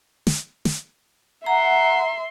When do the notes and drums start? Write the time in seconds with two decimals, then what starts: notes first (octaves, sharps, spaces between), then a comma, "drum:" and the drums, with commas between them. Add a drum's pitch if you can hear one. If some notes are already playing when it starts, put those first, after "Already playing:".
0.27 drum: snare
0.65 drum: snare
1.46 E5 F#5 A#5 C6